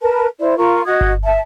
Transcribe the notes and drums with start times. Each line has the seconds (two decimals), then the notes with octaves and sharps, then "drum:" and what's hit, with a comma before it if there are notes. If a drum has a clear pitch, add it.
0.01 A#4 B4 A5
0.40 E4 C5 D5
0.57 F4 A#4 C#6
0.85 F#4 D#5 D#6 G#6
1.01 drum: kick G1
1.24 E5 A5